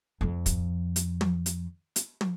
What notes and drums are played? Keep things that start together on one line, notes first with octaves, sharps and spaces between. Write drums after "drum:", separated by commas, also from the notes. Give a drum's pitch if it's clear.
F2 F3
drum: kick, hi-hat
drum: hi-hat
drum: tom
drum: hi-hat
drum: hi-hat
drum: tom